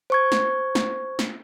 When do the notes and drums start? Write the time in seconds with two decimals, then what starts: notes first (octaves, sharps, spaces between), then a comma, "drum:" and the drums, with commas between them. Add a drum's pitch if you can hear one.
0.10 C5 C#6 G#6
0.32 drum: snare
0.75 drum: snare
1.19 drum: snare